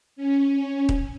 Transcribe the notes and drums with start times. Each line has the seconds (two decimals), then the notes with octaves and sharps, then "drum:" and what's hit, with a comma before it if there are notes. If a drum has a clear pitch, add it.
0.16 C#4
0.89 drum: kick D#1